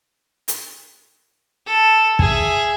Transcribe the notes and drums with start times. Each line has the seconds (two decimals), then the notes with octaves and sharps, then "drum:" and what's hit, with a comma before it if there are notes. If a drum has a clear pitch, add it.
0.48 drum: hi-hat
1.66 A4
2.19 G#4 E5, drum: kick